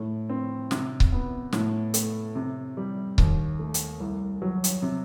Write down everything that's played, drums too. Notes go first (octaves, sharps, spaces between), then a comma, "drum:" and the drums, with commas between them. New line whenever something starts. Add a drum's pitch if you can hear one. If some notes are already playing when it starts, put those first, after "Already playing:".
Already playing: A2 A3
C4
C3, drum: snare
drum: kick C#1
B3
A2, drum: snare
A3, drum: hi-hat
C3
G3
D#2, drum: kick C#1
A3
drum: hi-hat
C2
F#3
drum: hi-hat
C3